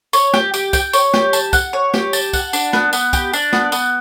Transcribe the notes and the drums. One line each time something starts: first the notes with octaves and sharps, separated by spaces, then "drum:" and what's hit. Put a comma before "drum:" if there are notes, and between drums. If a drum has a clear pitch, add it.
C#5, drum: tambourine
G4, drum: snare
G4, drum: tambourine
G5, drum: kick, tambourine
C#5, drum: tambourine
G4, drum: snare
A5, drum: tambourine
F#5, drum: kick, tambourine
C#5
G4, drum: snare
A5, drum: tambourine
F#5, drum: kick, tambourine
D4, drum: tambourine
B3, drum: snare
B3, drum: tambourine
G4, drum: kick, tambourine
D4, drum: tambourine
B3, drum: snare
B3, drum: tambourine